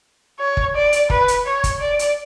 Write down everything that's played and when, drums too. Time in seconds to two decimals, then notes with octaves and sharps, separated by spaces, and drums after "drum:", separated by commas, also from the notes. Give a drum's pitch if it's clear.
0.40 C#5
0.57 drum: kick
0.75 D5
0.93 drum: hi-hat
1.10 B4, drum: kick
1.28 drum: hi-hat
1.46 C#5
1.64 drum: kick, hi-hat
1.81 D5
1.99 drum: hi-hat